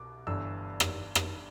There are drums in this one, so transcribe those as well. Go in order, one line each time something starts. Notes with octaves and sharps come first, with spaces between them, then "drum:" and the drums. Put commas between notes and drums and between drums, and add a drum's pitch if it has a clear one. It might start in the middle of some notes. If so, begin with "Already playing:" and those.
Already playing: C2 B2 D6
G1 G2 E3 E6
drum: rim click
drum: rim click